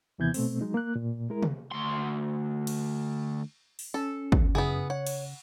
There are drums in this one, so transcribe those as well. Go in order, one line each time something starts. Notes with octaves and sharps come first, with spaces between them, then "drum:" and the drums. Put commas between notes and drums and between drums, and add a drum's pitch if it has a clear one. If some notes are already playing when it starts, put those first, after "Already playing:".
D#2 C3 E3 B3 G6 G#6
B2 A3 C4, drum: open hi-hat
F#3 G#3 D#4
A#3 F#6
A#2
G#3 E4 A#4
drum: tom C3
D2 C6
drum: cymbal
drum: open hi-hat
C#4 A4
D2, drum: kick
F#2 C#3 B3 E4 G#4
C#5 F#5
drum: cymbal